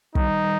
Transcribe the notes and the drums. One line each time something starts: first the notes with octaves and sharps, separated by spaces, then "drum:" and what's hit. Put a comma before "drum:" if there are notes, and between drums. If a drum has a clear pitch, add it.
D#3 G3 D#4, drum: kick
D#3 G3